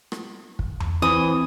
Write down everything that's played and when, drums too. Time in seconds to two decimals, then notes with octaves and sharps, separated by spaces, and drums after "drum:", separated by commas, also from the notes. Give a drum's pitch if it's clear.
0.12 drum: rim click
0.59 drum: kick
0.80 drum: tom E2
1.02 E3 C4 D#6